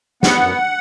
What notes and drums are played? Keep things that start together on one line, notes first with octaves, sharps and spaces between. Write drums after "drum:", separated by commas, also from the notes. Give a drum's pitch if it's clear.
B3 F#5, drum: snare
F#2